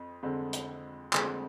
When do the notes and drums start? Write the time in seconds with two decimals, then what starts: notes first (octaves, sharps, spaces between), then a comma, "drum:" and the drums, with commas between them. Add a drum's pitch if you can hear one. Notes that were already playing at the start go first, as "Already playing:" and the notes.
Already playing: F2 C4
0.23 F2 D3 G#3 C4
0.53 drum: hi-hat
1.13 F2 D3 G#3 C4, drum: clap